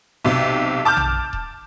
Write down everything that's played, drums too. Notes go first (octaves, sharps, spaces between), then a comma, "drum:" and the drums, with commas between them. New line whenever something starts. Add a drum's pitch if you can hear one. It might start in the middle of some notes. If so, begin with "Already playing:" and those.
B1 C3
A5 D6 F6 G6
drum: tom A#1
drum: kick D#1